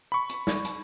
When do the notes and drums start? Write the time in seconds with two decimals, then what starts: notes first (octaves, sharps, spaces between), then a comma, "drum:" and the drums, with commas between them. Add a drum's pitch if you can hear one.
0.12 B5 C#6
0.29 drum: hi-hat
0.47 drum: snare
0.65 drum: hi-hat